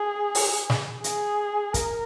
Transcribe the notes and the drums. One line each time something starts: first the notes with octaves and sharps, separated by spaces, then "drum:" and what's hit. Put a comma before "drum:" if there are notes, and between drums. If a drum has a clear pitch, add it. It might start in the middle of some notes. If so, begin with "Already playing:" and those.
Already playing: G#4
drum: open hi-hat
drum: snare
G#4, drum: hi-hat
A#4, drum: kick, hi-hat